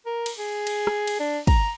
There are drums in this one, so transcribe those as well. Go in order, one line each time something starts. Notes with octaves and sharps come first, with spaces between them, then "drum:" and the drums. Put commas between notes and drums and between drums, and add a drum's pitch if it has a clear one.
A#4
drum: cymbal
G#4
drum: cymbal
drum: rim click
drum: cymbal
D4
A#5, drum: kick, cymbal